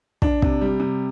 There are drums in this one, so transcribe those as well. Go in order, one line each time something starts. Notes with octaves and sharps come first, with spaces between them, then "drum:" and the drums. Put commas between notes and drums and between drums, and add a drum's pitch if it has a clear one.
D4, drum: kick
C3, drum: kick
G3
C3